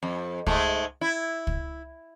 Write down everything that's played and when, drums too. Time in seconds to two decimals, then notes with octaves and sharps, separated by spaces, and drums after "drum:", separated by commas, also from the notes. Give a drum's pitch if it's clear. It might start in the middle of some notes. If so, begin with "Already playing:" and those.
0.03 F2
0.46 G#2 G#3 A3, drum: kick
1.01 E4
1.47 drum: kick